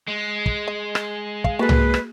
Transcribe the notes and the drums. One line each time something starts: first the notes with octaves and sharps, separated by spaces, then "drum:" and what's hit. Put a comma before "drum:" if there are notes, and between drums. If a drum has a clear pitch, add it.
G#3
drum: kick
D#5
drum: rim click
F5, drum: kick
A#3 F#4 G#4 A4 B4
drum: tom C2
drum: rim click